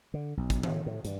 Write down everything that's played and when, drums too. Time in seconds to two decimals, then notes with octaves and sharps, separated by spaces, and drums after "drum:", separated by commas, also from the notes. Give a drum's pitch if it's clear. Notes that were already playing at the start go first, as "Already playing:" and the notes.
0.14 D3
0.37 B1
0.50 drum: kick, hi-hat
0.63 A2, drum: tom D#3
0.86 A2
1.05 G2, drum: hi-hat